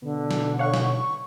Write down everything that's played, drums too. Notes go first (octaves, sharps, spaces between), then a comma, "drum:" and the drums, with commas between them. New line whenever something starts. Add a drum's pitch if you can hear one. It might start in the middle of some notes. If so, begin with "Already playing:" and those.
B2 D3
drum: snare
C#5 F5 F#5 C#6
drum: snare